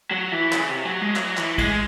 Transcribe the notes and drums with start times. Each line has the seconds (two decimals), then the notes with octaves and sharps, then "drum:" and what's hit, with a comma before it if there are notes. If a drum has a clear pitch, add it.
0.11 F#3
0.32 E3
0.52 C#3, drum: clap
0.68 C3
0.85 F#3
1.01 G#3
1.16 F#3, drum: clap
1.37 E3, drum: clap
1.58 G#3, drum: kick, cymbal